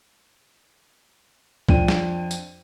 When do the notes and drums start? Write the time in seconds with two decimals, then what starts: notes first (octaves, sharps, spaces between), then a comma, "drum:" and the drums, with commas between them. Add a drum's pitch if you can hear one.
1.69 F2 D4 G5 D#7, drum: kick C#2
1.88 drum: snare
2.31 drum: tambourine